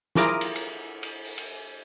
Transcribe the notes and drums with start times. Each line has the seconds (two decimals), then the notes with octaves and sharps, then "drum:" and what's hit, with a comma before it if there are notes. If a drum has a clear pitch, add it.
0.15 E4 F4 G#4 A#4 A#5 D6, drum: snare
0.41 drum: cymbal
0.56 drum: cymbal
1.03 drum: cymbal
1.25 drum: open hi-hat
1.38 drum: cymbal